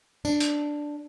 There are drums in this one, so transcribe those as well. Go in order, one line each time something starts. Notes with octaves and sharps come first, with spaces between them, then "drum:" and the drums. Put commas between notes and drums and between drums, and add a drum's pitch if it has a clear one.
D4, drum: tambourine
drum: hi-hat